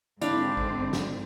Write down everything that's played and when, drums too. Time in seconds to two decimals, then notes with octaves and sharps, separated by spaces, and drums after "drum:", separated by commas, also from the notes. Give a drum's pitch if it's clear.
0.21 G#2 D3 C4 D4 E4 G4 F5, drum: hi-hat
0.57 drum: kick A1
0.93 drum: snare